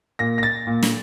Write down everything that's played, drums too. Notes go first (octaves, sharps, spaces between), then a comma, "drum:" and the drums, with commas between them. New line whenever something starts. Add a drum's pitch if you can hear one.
A#2 A#6
A#6
A6
A#2
drum: snare